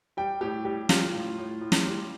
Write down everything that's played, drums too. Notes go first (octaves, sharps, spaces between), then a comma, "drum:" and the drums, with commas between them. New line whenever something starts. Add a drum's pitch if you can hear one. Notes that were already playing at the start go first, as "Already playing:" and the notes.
G3 G5
A2 G4
G3 G4
G3 F4, drum: snare
A2
A2
A2
drum: snare
G3